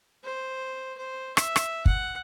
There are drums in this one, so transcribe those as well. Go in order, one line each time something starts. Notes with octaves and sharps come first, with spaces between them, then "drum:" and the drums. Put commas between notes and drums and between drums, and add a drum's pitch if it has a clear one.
C5
C5
E5, drum: rim click
drum: rim click
F#5, drum: kick